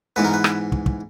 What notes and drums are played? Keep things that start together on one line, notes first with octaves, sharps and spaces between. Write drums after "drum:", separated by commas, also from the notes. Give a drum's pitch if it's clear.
G#2 E3 G#3 B3 B4
A#4
B4
drum: rim click
drum: kick
drum: kick